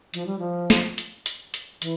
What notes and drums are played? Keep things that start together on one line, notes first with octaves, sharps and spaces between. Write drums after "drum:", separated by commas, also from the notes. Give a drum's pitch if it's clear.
F3, drum: hi-hat
G3
F3
drum: snare
drum: hi-hat
drum: hi-hat
drum: hi-hat
E3, drum: hi-hat